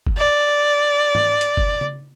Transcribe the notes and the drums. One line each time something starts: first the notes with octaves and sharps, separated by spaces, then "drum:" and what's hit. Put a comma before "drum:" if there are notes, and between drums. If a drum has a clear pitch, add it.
drum: kick F#1
D5
drum: tom G#2
drum: hi-hat
drum: kick F#1
drum: tom C#3